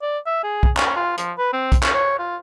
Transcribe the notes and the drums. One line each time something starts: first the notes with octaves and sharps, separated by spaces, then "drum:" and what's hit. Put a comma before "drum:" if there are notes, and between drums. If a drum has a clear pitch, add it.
D5
E5
G#4
drum: kick
C#4, drum: clap
F4
F3, drum: hi-hat
B4
C4
drum: kick, hi-hat
C#4, drum: clap
C#5
F4